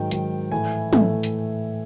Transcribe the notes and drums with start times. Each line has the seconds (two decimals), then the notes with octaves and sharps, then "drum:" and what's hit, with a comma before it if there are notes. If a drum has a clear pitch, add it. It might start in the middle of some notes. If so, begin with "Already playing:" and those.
Already playing: G#2 D#3 F#3 G5
0.11 G#2 D#3 F#3, drum: hi-hat
0.52 A2 E3 A3 G#5
0.93 A2 E3 A3, drum: tom
1.23 drum: hi-hat